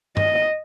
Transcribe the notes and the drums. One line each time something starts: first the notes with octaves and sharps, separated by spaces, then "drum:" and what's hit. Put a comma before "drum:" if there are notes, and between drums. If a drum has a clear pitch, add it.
D#5, drum: tom G2